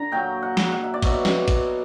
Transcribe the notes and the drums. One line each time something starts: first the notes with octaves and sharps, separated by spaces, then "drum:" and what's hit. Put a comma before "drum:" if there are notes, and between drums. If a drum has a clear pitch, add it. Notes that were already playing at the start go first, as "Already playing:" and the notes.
Already playing: D3 A#5
A#2 F#3 G5
F#5
drum: snare
F#5
E5
D5
B2 F#3 E5, drum: kick G#1, cymbal
drum: snare
drum: kick G#1, cymbal